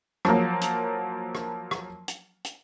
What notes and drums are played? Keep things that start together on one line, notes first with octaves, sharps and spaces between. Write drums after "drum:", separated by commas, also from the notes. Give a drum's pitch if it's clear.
F3 F#3 A#3, drum: rim click
drum: hi-hat
drum: rim click
drum: rim click
drum: hi-hat
drum: hi-hat